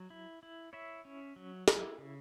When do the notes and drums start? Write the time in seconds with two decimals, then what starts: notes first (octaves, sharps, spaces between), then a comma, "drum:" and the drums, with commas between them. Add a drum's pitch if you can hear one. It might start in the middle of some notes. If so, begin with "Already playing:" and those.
Already playing: F#3
0.10 E4
0.43 E4
0.73 E4 C#5 E5
1.05 C#4
1.36 F#3
1.68 E4, drum: snare
1.98 C#3